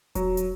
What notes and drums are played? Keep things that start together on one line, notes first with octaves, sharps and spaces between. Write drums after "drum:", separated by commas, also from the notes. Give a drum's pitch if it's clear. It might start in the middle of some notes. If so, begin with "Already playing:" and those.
F#3, drum: kick E1, hi-hat
drum: hi-hat